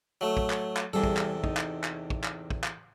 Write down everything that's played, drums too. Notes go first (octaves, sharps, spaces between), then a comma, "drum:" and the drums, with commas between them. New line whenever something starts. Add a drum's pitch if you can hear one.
F#3 A3
drum: kick
drum: clap
drum: clap
E2 C3 G3 G#4 A4
drum: kick
drum: clap
D#4, drum: kick
drum: clap
drum: clap
drum: kick
drum: clap
drum: kick
drum: clap